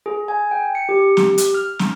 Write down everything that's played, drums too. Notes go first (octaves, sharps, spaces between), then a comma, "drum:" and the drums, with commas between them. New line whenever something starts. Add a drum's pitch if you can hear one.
G#4
G#5
G5
C#7
G4
drum: snare
drum: hi-hat
F6
drum: snare